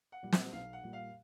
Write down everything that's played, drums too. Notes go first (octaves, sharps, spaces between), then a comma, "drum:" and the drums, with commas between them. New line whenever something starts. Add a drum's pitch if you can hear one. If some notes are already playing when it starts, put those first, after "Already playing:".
F#5
A#2 G3
F#5, drum: snare
B1 F5
F#5
A#2 G3
F5